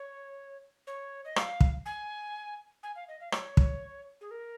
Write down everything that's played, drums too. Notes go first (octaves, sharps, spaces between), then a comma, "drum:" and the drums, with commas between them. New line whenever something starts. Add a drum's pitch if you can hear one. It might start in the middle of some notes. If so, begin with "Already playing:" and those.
Already playing: C#5
C#5
D#5
F5, drum: rim click
drum: kick
G#5
G#5
F5
D#5
F5
C#5, drum: rim click
drum: kick
G#4
A#4